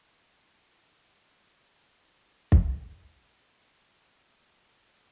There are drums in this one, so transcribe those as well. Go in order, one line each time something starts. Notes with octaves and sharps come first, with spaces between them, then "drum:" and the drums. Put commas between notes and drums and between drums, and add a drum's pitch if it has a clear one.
D4 D#4 F4 A4 A#4 C#5
drum: kick
C#3 F3 C4 E4 F#5 A5